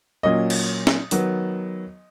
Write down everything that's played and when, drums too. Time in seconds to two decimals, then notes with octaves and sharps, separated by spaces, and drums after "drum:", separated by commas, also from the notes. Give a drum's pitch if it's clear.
0.23 A#2 F#3 C#4 D#5
0.50 drum: cymbal
0.87 drum: snare
1.11 D#3 F#3 B3, drum: hi-hat